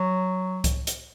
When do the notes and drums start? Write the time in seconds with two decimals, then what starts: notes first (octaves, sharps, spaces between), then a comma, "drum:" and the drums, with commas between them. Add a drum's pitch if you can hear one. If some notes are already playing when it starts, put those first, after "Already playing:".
Already playing: F#3
0.64 drum: kick C2, hi-hat
0.87 drum: hi-hat